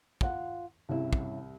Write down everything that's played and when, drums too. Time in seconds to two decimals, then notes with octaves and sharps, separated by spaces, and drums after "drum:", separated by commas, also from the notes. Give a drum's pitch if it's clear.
0.21 F4 F5 F#5, drum: kick
0.89 C2 G2 C#3 E4
1.13 drum: kick